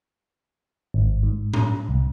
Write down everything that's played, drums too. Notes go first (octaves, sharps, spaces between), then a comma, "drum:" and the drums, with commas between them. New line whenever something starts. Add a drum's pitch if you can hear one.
G#1
G#2
drum: tom A2
C2